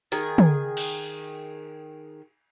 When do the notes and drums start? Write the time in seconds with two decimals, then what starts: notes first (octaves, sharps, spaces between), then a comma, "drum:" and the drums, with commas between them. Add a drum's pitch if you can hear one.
0.12 D#3 G#4, drum: open hi-hat
0.38 drum: tom
0.77 drum: cymbal